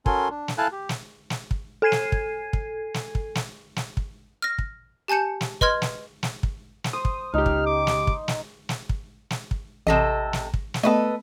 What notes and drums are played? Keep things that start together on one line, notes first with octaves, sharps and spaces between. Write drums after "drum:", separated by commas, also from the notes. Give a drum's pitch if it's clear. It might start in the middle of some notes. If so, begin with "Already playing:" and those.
C#4 F#4 A4 A#4 G#5 C6, drum: kick
D4
drum: snare
E4 A4 F5 G#5 A5 F#6
G4
drum: snare
drum: snare
drum: kick
A4 G#5 G#6 C7 D#7
drum: snare
drum: kick
drum: kick
drum: snare
drum: kick
drum: snare
drum: snare
drum: kick
F6 A#6
drum: kick
G4 G#5 A5 G6 C#7
drum: snare
B4 D#5 C6 F6 G#6, drum: kick
drum: snare
drum: snare
drum: kick
drum: snare
C5 D#6
drum: kick
C#2 D#4 G4 F6
drum: kick
D6
drum: snare
drum: kick
drum: snare
drum: snare
drum: kick
drum: snare
drum: kick
A1 C3 A4 D#5 A#6 E7
drum: snare
drum: kick
drum: snare
A3 B3 A4 B4 D#5